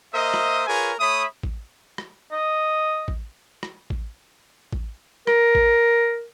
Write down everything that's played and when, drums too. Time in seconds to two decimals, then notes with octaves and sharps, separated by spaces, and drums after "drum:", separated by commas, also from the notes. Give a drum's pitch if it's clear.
0.14 A#3 A#4 C5 D#5 E5 D#6
0.34 drum: rim click
0.67 F4 G#4 A#4 B4 C#5 G#5
1.00 A3 C#5 E5 B5 D#6
1.43 drum: kick A1
1.98 drum: rim click
2.32 D#5
3.08 drum: kick A1
3.63 drum: rim click
3.90 drum: kick A1
4.73 drum: kick A1
5.27 A#4, drum: rim click
5.55 drum: kick A1